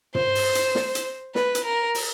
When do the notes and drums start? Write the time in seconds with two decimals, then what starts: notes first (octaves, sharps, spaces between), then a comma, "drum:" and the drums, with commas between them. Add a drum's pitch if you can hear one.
0.15 C5, drum: tom
0.35 drum: open hi-hat
0.55 drum: hi-hat
0.75 drum: snare
0.95 drum: hi-hat
1.35 B4, drum: snare
1.55 drum: hi-hat
1.65 A#4
1.95 drum: open hi-hat